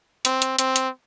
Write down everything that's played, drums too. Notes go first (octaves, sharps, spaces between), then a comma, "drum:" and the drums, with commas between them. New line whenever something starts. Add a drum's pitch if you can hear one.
C4, drum: hi-hat
drum: hi-hat
C4, drum: hi-hat
drum: hi-hat